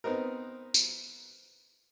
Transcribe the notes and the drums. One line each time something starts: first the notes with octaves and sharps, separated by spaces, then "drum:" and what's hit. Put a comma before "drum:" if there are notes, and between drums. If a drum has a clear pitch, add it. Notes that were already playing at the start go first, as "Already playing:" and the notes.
B3 C4 D#4 A#4
drum: tambourine